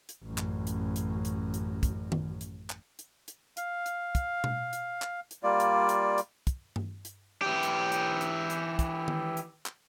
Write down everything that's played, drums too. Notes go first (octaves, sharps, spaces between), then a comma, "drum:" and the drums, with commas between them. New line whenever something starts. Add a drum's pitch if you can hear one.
drum: hi-hat
A1 F#2
drum: clap
drum: hi-hat
drum: hi-hat
drum: hi-hat
drum: hi-hat
drum: kick, hi-hat
drum: tom D#3
drum: hi-hat
drum: clap
drum: hi-hat
drum: hi-hat
F5, drum: hi-hat
drum: hi-hat
drum: kick, hi-hat
drum: tom B2
drum: hi-hat
drum: clap
drum: hi-hat
G3 A#3 F4 D5
drum: hi-hat
drum: hi-hat
drum: hi-hat
drum: kick, hi-hat
drum: tom G2
drum: hi-hat
E3 G4
drum: hi-hat
drum: hi-hat
drum: hi-hat
drum: hi-hat
drum: kick, hi-hat
drum: tom D#3
drum: hi-hat
drum: clap